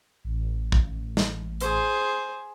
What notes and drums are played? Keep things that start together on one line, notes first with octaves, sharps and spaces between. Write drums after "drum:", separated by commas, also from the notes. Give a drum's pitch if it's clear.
A1
drum: kick A#1
drum: snare
G#4 C5, drum: hi-hat